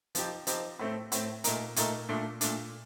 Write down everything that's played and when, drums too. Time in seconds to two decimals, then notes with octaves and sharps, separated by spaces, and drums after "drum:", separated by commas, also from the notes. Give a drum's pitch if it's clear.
0.15 F3 C4 D#4 G4, drum: hi-hat
0.47 F3 C4 D#4 G4, drum: hi-hat
0.79 A2 A3 C4
1.12 A2 A3 C4, drum: hi-hat
1.44 A#2 A3 D#4 A#4, drum: hi-hat
1.76 A#2 A3 D#4 A#4, drum: hi-hat
2.09 A#2 A3 D4
2.41 A#2 A3 D4, drum: hi-hat